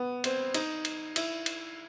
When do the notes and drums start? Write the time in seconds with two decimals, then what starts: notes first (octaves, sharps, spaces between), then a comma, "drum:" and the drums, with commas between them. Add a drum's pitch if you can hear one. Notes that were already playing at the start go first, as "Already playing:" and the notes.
Already playing: B3
0.24 C4, drum: cymbal
0.54 D#4, drum: cymbal
0.85 drum: cymbal
1.16 E4, drum: cymbal
1.46 drum: cymbal